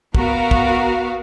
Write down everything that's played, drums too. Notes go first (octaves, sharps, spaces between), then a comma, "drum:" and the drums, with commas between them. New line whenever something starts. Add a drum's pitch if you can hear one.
B3 F#4 A#4 F5, drum: kick
drum: kick